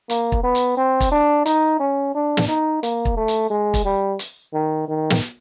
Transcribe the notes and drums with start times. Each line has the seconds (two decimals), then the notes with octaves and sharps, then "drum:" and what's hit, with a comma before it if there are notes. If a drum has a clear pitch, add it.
0.10 A#3, drum: hi-hat
0.32 drum: kick
0.44 B3
0.55 drum: hi-hat
0.77 C4
1.00 drum: kick, hi-hat
1.12 D4
1.46 D#4, drum: hi-hat
1.80 C#4
2.15 D4
2.37 drum: snare
2.48 D#4
2.83 A#3, drum: hi-hat
3.05 drum: kick
3.17 A3
3.28 drum: hi-hat
3.50 G#3
3.74 drum: kick, hi-hat
3.85 G3
4.19 drum: hi-hat
4.54 D#3
4.88 D#3
5.10 drum: snare